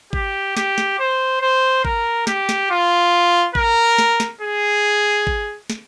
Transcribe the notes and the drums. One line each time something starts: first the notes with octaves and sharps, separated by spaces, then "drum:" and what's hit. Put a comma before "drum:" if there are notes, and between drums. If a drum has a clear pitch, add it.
G4, drum: kick G#1
G4, drum: snare
drum: snare
C5
C5
A#4, drum: kick G#1
G4, drum: snare
drum: snare
F4
A#4, drum: kick G#1
drum: snare
drum: snare
G#4
drum: kick G#1
drum: snare